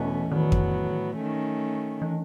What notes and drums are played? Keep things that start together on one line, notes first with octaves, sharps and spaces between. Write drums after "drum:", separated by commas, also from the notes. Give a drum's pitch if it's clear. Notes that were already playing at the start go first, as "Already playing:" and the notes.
Already playing: E2 B2 E3 A3 C#4
A2 D#3 F#3 B3
drum: kick F2
D#3 A3 C#4
E3